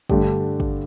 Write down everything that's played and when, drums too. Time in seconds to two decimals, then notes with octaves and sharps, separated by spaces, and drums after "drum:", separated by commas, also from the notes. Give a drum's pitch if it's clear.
0.10 G2 D3 A3 D4 G4, drum: kick
0.60 drum: kick